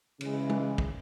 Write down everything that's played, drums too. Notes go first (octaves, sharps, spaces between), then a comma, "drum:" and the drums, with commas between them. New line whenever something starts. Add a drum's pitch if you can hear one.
C#3 E3 G#3, drum: cymbal
drum: tom
drum: kick